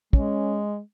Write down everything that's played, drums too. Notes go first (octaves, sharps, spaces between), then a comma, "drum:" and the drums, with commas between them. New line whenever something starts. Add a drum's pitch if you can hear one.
G#3 C#4, drum: kick